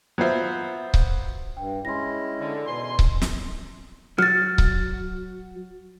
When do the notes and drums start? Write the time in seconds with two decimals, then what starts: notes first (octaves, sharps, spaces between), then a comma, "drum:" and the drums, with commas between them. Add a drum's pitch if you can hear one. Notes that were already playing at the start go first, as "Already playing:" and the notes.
0.18 F#3 B3 F4 C5 E5
0.94 drum: kick C#1
1.57 G2 G5
1.85 G#3 C#4 E4 C6 A#6
2.40 D3
2.67 E2 G#2 B2 G#5 C6
2.99 drum: kick C#1
3.22 drum: snare
4.19 F#3 F6 A6
4.58 drum: kick C#1